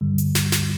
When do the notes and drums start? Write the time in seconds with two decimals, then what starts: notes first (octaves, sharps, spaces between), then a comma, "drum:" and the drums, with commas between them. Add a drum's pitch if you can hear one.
0.01 G2 D3 G3
0.18 drum: hi-hat
0.35 drum: snare
0.52 drum: snare